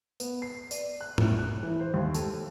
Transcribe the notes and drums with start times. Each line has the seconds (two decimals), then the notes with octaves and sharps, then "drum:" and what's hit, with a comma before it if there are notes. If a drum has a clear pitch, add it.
0.20 B3, drum: tambourine
0.42 C7
0.71 D5, drum: tambourine
1.01 F#6
1.18 A2, drum: tom
1.39 F#6
1.63 E3
1.80 C5
1.94 D#2
2.14 A4, drum: tambourine